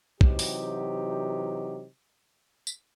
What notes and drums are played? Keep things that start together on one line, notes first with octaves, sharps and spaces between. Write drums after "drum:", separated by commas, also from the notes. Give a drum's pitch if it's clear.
C3 E3 F#3 D#4 F#4 G4, drum: kick
drum: open hi-hat
drum: tambourine